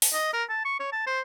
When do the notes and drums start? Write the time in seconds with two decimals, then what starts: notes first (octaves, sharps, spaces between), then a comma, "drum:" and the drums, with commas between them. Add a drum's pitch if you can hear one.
0.02 drum: open hi-hat
0.13 D#5
0.33 A#4
0.49 A5
0.65 C#6
0.80 C#5
0.92 A5
1.07 C5